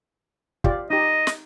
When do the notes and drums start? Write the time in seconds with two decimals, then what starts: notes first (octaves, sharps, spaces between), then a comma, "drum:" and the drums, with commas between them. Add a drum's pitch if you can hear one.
0.64 F4 G4 D5, drum: kick
0.90 D#4 G4 D#5
1.27 drum: snare